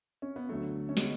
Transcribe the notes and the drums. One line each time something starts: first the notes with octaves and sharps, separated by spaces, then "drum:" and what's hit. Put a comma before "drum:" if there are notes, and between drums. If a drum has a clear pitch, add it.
C#4
B3
D2 D3 F#3 A3
C#4
G#3 B3, drum: snare